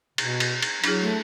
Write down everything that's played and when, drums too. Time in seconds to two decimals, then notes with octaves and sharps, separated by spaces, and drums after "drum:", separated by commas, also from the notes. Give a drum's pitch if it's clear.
0.18 B2, drum: cymbal
0.40 drum: cymbal
0.62 drum: cymbal
0.84 F#3 D4 E4 G#4, drum: cymbal
1.02 A3